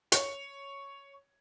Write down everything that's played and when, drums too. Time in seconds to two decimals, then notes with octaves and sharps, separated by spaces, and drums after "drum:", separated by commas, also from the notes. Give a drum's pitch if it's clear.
0.12 C#5, drum: hi-hat